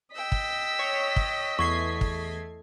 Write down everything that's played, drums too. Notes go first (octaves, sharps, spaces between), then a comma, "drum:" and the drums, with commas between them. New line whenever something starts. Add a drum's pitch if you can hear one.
D#5 G5 E6 B6
drum: kick
C#5
drum: kick
E2 A3 C#6 G#6 C7
drum: kick